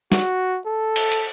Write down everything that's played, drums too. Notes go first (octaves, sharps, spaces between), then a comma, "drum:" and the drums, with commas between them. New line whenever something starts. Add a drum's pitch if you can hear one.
F#4, drum: snare
A4
drum: cymbal
drum: hi-hat